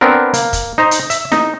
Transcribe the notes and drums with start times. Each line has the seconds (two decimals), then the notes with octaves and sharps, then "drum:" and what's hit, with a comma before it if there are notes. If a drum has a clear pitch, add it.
0.01 B3 C4 D4 A#4
0.34 A#3, drum: hi-hat
0.53 drum: kick, hi-hat
0.78 D#4 C5 A#5
0.91 drum: hi-hat
1.10 E5, drum: hi-hat
1.32 D#4, drum: snare